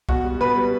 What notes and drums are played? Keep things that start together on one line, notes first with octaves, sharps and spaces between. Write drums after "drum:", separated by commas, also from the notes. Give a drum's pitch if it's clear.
B2 F#4, drum: kick
G3
B2 B4
G3